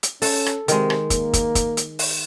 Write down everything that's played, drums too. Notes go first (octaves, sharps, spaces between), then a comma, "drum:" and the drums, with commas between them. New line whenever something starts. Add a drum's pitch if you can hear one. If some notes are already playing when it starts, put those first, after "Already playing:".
drum: hi-hat
C#4 A4, drum: open hi-hat
drum: rim click
C3 D#3 G#3, drum: hi-hat
drum: rim click
A#3, drum: kick, hi-hat
drum: kick, hi-hat
drum: kick, hi-hat
drum: hi-hat
drum: open hi-hat